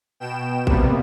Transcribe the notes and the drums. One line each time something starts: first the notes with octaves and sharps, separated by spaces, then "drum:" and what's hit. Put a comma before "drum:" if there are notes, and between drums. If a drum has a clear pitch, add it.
B2 G5 E7
C3 G3 A#3 B3, drum: kick A1